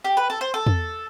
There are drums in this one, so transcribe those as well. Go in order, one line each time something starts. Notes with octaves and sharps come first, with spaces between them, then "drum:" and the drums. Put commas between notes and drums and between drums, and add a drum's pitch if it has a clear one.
G4
B4
A4
C5
A4
drum: tom E2